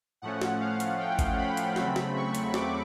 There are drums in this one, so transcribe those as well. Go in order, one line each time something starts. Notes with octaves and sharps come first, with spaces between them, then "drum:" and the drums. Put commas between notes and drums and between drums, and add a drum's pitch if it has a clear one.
A2 F3 A3 C#4 F#5
drum: snare
F5
drum: hi-hat
G5
drum: kick G#1, hi-hat
B5
drum: hi-hat
E2 C#3 F#3 A3 C4 B5, drum: snare
drum: snare
C#6
drum: hi-hat
D6, drum: snare